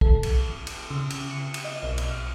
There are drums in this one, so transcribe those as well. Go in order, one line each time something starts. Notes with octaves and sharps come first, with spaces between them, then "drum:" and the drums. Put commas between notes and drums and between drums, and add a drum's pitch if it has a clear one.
A4, drum: kick
drum: cymbal
drum: cymbal
C#3
drum: cymbal
C#7
drum: cymbal
D#5
B1
drum: cymbal
F6